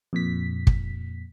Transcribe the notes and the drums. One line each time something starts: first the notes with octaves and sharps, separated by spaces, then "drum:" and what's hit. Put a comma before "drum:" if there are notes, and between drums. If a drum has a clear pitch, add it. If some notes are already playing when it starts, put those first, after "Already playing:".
F2 A#2 B6
drum: kick